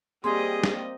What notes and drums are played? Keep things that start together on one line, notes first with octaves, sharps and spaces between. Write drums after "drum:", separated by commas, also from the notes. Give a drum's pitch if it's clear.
G3 A#3 C4 G4 G#4 D#5 C6
drum: snare